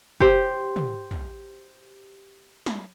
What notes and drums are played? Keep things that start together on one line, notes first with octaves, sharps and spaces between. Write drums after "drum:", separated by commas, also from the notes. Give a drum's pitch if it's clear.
G4 C5, drum: kick
drum: tom
drum: tom
drum: snare